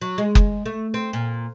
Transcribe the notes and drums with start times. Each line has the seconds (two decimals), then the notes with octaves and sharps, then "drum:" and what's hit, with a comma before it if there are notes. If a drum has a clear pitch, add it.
0.02 F#3
0.18 G#3
0.35 drum: kick F#1
0.66 A3
0.94 C4
1.13 A#2